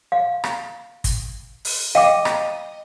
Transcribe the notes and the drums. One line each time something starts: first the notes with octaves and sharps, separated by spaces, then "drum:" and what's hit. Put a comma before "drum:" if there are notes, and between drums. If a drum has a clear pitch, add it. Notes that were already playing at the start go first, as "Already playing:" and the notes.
F5
drum: rim click
drum: kick, hi-hat
drum: open hi-hat
D#5 F5 G5 D6
drum: rim click